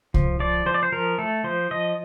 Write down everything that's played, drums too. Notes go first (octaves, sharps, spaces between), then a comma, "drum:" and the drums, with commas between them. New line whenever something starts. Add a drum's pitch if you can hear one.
F3, drum: kick C2
F3 D5
F3 C5
D5
C5
F3 A#4
A3 A4
F3 C5
F3 D#5